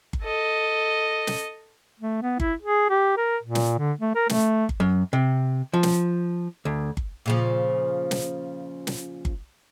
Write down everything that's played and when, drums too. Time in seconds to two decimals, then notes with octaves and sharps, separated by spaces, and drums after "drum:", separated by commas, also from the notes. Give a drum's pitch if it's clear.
0.13 drum: kick G1
0.22 A4 D#5
1.27 drum: snare
2.00 A3
2.22 B3
2.40 E4, drum: kick G1
2.62 G#4
2.90 G4
3.17 A#4
3.43 A#2
3.55 drum: snare
3.78 D3
4.01 A3
4.15 A#4
4.29 A3, drum: snare
4.69 drum: kick G1
4.80 F#2
5.13 C3
5.73 F3
5.83 drum: snare
6.65 D2
6.97 drum: kick G1
7.26 A#2 C#3 F3
8.11 drum: snare
8.87 drum: snare
9.25 drum: kick G1